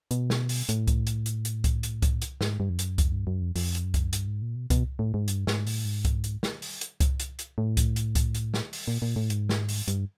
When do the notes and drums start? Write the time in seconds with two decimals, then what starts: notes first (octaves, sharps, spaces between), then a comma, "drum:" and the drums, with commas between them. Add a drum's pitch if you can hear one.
0.11 B2, drum: hi-hat
0.30 drum: snare
0.49 drum: open hi-hat
0.69 A2, drum: hi-hat
0.88 drum: kick C2, hi-hat
1.07 drum: hi-hat
1.26 drum: hi-hat
1.45 drum: hi-hat
1.64 drum: kick C2, hi-hat
1.83 drum: hi-hat
2.02 drum: kick C2, hi-hat
2.22 drum: hi-hat
2.41 G#2, drum: snare
2.60 G2
2.70 F2
2.79 F#2, drum: hi-hat
2.98 F2, drum: kick C2, hi-hat
3.12 G2
3.27 F#2
3.41 F2
3.56 F2, drum: open hi-hat
3.75 drum: hi-hat
3.84 F#2
3.94 drum: kick C2, hi-hat
4.13 G2, drum: hi-hat
4.27 G#2
4.42 A#2
4.56 B2
4.70 B2, drum: kick C2, hi-hat
4.99 A2
5.14 G#2
5.28 G2, drum: hi-hat
5.47 G#2, drum: snare
5.67 A2, drum: open hi-hat
5.85 G#2
6.05 drum: kick C2, hi-hat
6.24 drum: hi-hat
6.43 drum: snare
6.62 drum: open hi-hat
6.81 drum: hi-hat
7.00 drum: kick C2, hi-hat
7.20 drum: hi-hat
7.39 drum: hi-hat
7.58 A2
7.77 drum: kick C2, hi-hat
7.96 drum: hi-hat
8.15 drum: kick C2, hi-hat
8.35 drum: hi-hat
8.54 drum: snare
8.73 drum: open hi-hat
8.88 A#2
9.02 A#2
9.16 A2
9.30 G#2, drum: hi-hat
9.49 drum: snare
9.69 drum: open hi-hat
9.88 G2, drum: hi-hat